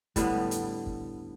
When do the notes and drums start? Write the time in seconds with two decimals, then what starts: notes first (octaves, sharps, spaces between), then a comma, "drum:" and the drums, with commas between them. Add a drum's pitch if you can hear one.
0.16 A2 D3 G3 B3, drum: kick, hi-hat
0.51 drum: hi-hat
0.86 drum: kick